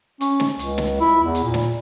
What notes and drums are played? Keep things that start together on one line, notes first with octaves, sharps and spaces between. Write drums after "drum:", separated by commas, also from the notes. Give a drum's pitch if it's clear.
C#4, drum: hi-hat
drum: snare
C#2, drum: hi-hat
drum: snare
E4
E2
drum: hi-hat
A#2
drum: snare